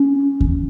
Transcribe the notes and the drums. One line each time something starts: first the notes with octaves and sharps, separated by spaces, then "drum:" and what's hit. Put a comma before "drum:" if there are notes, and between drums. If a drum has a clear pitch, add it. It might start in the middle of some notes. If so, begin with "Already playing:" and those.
Already playing: C#4
drum: kick D#2